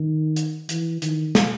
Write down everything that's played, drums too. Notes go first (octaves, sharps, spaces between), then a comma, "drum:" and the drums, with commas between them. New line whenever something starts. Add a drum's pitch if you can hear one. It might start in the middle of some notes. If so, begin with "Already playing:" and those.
Already playing: D#3
drum: hi-hat
E3, drum: hi-hat
D#3, drum: hi-hat
drum: snare